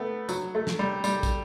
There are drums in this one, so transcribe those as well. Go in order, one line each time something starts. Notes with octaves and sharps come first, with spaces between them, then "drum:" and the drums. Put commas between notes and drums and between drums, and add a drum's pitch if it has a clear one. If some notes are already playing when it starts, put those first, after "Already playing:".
Already playing: A3 B3
F#3, drum: tambourine
A3
drum: snare
G3
G3, drum: tambourine
drum: kick, tambourine